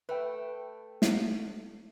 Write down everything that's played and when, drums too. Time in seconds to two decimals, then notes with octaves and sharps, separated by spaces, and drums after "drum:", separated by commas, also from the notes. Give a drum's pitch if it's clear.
0.09 A3 B4 G5
1.02 drum: snare